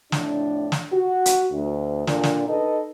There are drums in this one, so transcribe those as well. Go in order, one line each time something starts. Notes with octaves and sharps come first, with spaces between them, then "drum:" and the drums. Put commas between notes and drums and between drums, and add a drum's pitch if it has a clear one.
F2 A2 D4, drum: snare
drum: snare
F#4
drum: hi-hat
D2
A#2 D3 D4, drum: snare
drum: snare
D#4 A4 B4 D#5